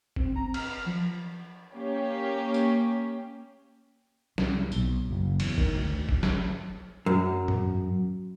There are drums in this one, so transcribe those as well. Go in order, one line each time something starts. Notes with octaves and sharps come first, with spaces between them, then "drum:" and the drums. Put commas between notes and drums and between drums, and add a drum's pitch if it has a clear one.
C4, drum: kick
A#5
F6, drum: cymbal
F3
A#3 C#4 G4
drum: tambourine
C2, drum: snare
B1, drum: tambourine
F#1
E2, drum: cymbal
D#3, drum: kick
D2
drum: kick
drum: snare
F#2
drum: tom